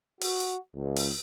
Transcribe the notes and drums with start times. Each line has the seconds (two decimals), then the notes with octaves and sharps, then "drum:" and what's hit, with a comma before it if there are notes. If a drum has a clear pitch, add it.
0.21 F#4, drum: open hi-hat
0.40 drum: hi-hat
0.76 C#2
0.96 drum: open hi-hat